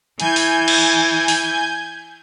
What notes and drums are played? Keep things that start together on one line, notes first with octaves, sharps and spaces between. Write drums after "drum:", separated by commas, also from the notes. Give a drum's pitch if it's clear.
E3 G#5 G6 G#6, drum: hi-hat
drum: open hi-hat
drum: cymbal
drum: open hi-hat